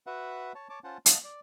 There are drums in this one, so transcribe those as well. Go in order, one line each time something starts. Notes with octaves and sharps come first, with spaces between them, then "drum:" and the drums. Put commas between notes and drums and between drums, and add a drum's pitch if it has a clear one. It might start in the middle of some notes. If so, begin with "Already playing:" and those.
F#4 B4 E5 F#5
C#5 A5
C#5 A5 D6
C#4 F4 C5 F#5 A5
D#5 F5 F#5 A5, drum: hi-hat
D5